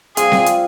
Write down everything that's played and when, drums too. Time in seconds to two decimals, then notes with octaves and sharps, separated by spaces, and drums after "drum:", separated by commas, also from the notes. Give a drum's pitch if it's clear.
0.17 G3 C4 F4 G#4, drum: hi-hat
0.32 drum: snare C4
0.46 drum: hi-hat